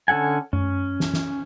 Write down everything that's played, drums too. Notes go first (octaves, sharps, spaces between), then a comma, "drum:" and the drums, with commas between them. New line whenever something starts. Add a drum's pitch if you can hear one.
D3 C#4 A4 F#5 G#5
C#4, drum: tom F#2
drum: snare
drum: snare